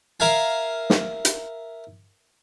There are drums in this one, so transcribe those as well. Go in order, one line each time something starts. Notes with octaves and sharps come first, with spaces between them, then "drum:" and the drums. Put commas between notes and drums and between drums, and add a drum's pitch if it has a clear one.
A#4 E5 F5 G#5
drum: snare
drum: hi-hat